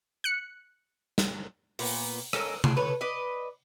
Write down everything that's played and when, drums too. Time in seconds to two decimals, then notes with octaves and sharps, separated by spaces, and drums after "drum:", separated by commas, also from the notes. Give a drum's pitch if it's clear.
0.24 F#6 C#7
1.18 drum: snare
1.79 A#2 B3, drum: open hi-hat
2.33 C#4 A4 A#4 D#5, drum: rim click
2.64 D4 G#4, drum: tom C3
2.76 A4 B4 C#5
3.01 B4 D5 D#5